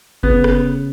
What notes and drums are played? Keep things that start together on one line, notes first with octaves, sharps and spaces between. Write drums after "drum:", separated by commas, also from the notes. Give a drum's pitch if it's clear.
C#3 B3, drum: kick F#1
drum: rim click